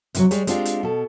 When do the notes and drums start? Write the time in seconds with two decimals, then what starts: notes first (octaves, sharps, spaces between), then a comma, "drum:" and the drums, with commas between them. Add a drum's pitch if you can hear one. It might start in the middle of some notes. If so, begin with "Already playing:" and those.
0.15 C3 E3 F#3, drum: hi-hat
0.31 G3 G#3 G#4 C#5, drum: hi-hat
0.47 G#3 C4 D4 F4 G4, drum: hi-hat
0.65 drum: hi-hat
0.83 B2 A4